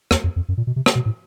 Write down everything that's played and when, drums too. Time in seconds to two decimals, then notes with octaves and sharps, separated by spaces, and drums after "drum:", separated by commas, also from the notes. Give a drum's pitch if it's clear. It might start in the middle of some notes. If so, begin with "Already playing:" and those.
0.11 E2, drum: rim click
0.24 F2
0.36 F2
0.49 F#2
0.57 A#2
0.67 B2
0.76 C3
0.86 drum: rim click
0.95 B2
1.06 A2